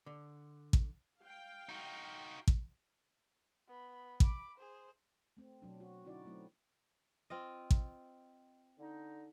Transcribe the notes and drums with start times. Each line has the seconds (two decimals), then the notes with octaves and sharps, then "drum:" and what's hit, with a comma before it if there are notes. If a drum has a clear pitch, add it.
0.06 D3
0.73 drum: kick A1
1.20 F5 G5
1.69 D#4 F#4
2.48 drum: kick A1
3.68 B3 B5
4.20 B5 D6, drum: kick A1
4.58 G#4 C5
5.37 A3 C4
5.62 B2 F#3 D4
5.80 F#4
6.04 D3 C#4 D#4 E4 F#4 D5
6.25 F#3 A3 C4 E4
7.30 C4 F4 D#5
7.71 drum: kick A1
8.79 D3 D#4